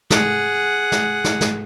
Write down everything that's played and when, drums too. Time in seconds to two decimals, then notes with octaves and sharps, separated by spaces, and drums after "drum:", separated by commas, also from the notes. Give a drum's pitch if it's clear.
0.10 G#4 F#5, drum: snare
0.92 drum: snare
1.24 drum: snare
1.41 drum: snare